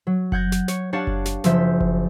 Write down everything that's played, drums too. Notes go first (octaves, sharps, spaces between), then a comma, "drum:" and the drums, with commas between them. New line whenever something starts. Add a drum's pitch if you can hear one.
F#3
F#5 G6 G#6 A#6, drum: kick F#1
drum: snare
C#5, drum: snare
D4 G4 C#5 F5 F#5 A5
drum: kick F#1
drum: snare
F#1 F3 E5 G6 B6, drum: snare
drum: kick F#1